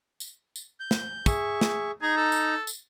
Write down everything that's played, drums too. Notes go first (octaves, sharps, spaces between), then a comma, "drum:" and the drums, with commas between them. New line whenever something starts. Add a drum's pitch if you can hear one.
drum: tambourine
drum: tambourine
G6
drum: snare
G#4 E5 C#6, drum: kick, tambourine
drum: snare
D#4 G#4 A#5
A4
drum: tambourine
drum: tambourine